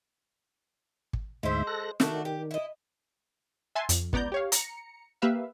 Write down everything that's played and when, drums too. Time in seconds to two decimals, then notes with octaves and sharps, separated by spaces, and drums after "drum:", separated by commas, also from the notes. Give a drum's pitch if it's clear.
1.13 drum: kick
1.43 D2 G#2 G#3 C5 E5
1.67 A4 F#6 A#6
2.00 D#3 A3 D4 F#4, drum: snare
2.25 G4
2.51 E4 D#5
3.75 E5 F#5 G#5 A5 C6
3.89 F2, drum: hi-hat
4.13 C#2 B3 D5 A#5 G6, drum: kick
4.32 G4 C#5 F5
4.52 A#5 C#7, drum: hi-hat
5.22 A#3 G4 B4 E5 F5